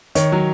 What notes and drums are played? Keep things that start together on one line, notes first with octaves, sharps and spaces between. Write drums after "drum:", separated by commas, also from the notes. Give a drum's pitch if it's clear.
D#3 C#5, drum: hi-hat
F#3